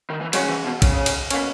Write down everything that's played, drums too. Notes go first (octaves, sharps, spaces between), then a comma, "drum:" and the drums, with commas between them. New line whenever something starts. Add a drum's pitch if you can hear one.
D#3
E3
C#3 F#3 G#3 C#4 F#4, drum: cymbal
E3
B2
C#3, drum: kick, cymbal
drum: cymbal
B2 A#3 C#4, drum: cymbal